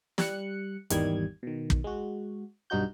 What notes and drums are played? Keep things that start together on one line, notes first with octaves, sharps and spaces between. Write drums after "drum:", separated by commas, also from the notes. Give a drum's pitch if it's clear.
G3 F#6 C#7, drum: snare
G#1 E2 D#3 G3 G#6, drum: hi-hat
B2 D#3
drum: kick
G#3 F#4
B1 G2 G3 D#4 F#4 G6